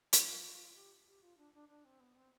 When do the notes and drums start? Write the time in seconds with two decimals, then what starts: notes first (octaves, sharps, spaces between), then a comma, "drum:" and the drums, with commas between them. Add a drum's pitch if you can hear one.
0.13 D4, drum: hi-hat
0.28 F4
0.75 G4
1.07 G4
1.22 F4
1.38 D4
1.53 D4
1.69 D4
1.85 C4
2.00 B3
2.16 C4